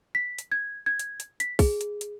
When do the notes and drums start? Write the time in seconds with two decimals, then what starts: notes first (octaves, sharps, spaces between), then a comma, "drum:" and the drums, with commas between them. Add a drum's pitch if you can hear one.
0.15 B6
0.39 drum: hi-hat
0.52 G#6
0.86 G#6
0.99 drum: hi-hat
1.20 drum: hi-hat
1.40 B6, drum: hi-hat
1.59 G#4, drum: kick, open hi-hat
1.81 drum: hi-hat
2.01 drum: hi-hat